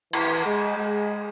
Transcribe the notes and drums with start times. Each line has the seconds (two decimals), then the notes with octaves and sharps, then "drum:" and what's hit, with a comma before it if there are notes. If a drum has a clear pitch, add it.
0.13 E3, drum: cymbal
0.45 G#3
0.77 G#3